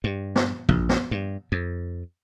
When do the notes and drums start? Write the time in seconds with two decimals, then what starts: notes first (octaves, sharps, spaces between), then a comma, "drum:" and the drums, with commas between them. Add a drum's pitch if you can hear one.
0.04 G2
0.36 drum: snare
0.69 A#1, drum: kick
0.89 drum: snare
1.11 G2
1.52 F2